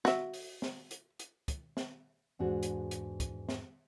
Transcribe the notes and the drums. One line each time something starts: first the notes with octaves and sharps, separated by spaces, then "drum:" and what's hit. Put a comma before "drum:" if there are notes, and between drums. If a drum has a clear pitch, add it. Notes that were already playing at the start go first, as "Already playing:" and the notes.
F#4 E5, drum: snare
drum: open hi-hat
drum: snare
drum: hi-hat
drum: hi-hat
drum: kick, hi-hat
drum: snare
E2 G#2 D4 F#4 G#4
drum: hi-hat
drum: hi-hat
drum: kick, hi-hat
drum: snare